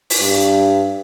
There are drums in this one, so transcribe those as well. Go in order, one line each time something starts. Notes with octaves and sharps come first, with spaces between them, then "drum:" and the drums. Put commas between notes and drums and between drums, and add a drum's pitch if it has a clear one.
drum: open hi-hat
G2